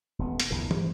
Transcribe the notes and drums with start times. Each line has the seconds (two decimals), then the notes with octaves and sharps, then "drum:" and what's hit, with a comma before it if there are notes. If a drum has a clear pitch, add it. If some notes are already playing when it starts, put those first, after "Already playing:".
0.19 D#1 B3
0.40 drum: hi-hat
0.50 A1 E2 A#2 D3
0.71 G#2, drum: tom